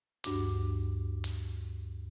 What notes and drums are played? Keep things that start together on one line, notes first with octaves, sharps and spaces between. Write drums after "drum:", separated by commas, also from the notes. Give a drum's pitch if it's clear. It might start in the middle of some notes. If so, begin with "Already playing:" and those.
D2 G2 D4 F#4 D6, drum: hi-hat
drum: hi-hat